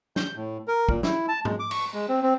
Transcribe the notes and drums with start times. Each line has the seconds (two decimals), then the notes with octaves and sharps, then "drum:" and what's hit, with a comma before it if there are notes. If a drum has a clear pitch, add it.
0.16 G6, drum: snare
0.36 A2
0.68 A#4
0.89 A#2, drum: kick
1.03 E4, drum: snare
1.28 A5
1.45 G#3, drum: tom G#2
1.59 D6
1.71 C#6, drum: cymbal
1.94 G#3
2.08 C4
2.23 C4